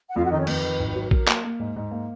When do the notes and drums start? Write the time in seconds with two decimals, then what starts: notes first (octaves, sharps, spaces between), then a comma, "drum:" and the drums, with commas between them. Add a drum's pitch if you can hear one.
0.10 F#5
0.15 F2 F4 F5
0.24 F#4 F#5
0.31 D#3 D#4 D#5
0.39 C#4 C#5
0.47 F2 B4, drum: cymbal
0.64 D#3
0.80 G#1
0.96 F#3
1.11 F#3 A#4, drum: kick
1.28 A#3, drum: clap
1.44 A#3
1.59 G#2
1.76 G#2
1.91 A#3